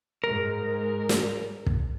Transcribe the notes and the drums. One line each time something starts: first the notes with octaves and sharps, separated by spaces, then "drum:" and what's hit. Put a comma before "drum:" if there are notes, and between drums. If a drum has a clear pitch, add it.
G#2 G#3 A#4
drum: snare
drum: kick